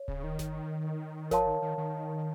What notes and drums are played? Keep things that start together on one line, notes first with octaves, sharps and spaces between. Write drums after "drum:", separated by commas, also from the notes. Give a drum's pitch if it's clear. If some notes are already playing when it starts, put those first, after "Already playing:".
Already playing: C#5
C#3, drum: kick D1
D#3
drum: snare G1
F3 A#4 C#5 F5 A5 C6, drum: snare G1
D#3
D#3
D#3